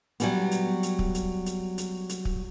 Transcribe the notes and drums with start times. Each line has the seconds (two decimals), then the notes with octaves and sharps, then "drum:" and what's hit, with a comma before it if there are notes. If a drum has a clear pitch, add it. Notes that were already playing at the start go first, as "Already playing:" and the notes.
0.20 F#3 G3 B3, drum: hi-hat
0.51 drum: hi-hat
0.83 drum: hi-hat
0.99 drum: kick
1.15 drum: hi-hat
1.46 drum: hi-hat
1.78 drum: hi-hat
2.09 drum: hi-hat
2.25 drum: kick